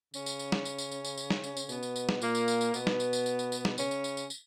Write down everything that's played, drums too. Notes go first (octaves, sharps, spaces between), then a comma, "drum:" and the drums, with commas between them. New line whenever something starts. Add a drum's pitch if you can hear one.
C#3 C#4, drum: tambourine
drum: tambourine
drum: tambourine
drum: snare
drum: tambourine
drum: tambourine
drum: tambourine
drum: tambourine
drum: tambourine
drum: snare
drum: tambourine
drum: tambourine
B2 B3, drum: tambourine
drum: tambourine
drum: tambourine
drum: snare
A#2 A#3, drum: tambourine
drum: tambourine
drum: tambourine
drum: tambourine
B2 B3, drum: tambourine
drum: snare
drum: tambourine
drum: tambourine
drum: tambourine
drum: tambourine
drum: tambourine
drum: snare
C#3 C#4, drum: tambourine
drum: tambourine
drum: tambourine
drum: tambourine
drum: tambourine